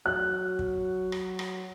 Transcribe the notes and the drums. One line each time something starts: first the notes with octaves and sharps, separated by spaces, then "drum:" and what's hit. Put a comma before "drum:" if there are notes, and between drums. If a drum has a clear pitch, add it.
F#3 F#6
drum: kick
drum: rim click
drum: rim click